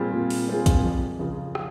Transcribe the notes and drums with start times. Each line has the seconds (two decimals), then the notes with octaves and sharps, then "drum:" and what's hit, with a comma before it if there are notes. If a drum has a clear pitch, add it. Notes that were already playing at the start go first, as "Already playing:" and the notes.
Already playing: A#2 G3 C4 F4 G#4
0.13 A#2
0.30 drum: open hi-hat
0.48 G3 C4 F4 G#4
0.66 drum: kick, hi-hat
0.84 F2
1.19 C#3 F3
1.55 drum: rim click